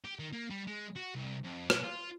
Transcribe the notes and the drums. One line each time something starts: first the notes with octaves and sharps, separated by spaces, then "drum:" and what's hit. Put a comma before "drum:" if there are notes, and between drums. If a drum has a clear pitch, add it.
G4
D#3
A#3
G3
G#3
F#4
C2
F2
B2, drum: rim click
F4